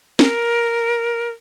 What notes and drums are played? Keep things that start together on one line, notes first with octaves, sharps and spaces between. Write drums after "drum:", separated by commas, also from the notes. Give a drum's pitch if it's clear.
A#4, drum: snare